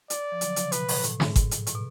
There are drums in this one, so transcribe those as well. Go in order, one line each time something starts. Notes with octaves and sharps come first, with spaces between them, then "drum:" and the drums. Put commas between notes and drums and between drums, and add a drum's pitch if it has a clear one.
D5, drum: hi-hat
F3
D3 F#3, drum: hi-hat
C#3 F3, drum: hi-hat
B2 B4, drum: hi-hat
A2, drum: open hi-hat
A2, drum: hi-hat
G#2, drum: snare
drum: kick G1, hi-hat
drum: hi-hat
A2, drum: hi-hat
B2